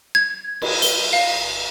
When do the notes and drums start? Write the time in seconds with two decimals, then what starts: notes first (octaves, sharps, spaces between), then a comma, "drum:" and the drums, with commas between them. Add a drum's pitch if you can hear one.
0.15 G#6
0.62 drum: cymbal
0.82 G7, drum: hi-hat
1.13 F5